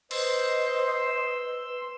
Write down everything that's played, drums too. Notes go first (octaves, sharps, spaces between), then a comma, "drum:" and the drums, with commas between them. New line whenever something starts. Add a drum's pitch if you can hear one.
B4 C5 D#5 C6 E6, drum: cymbal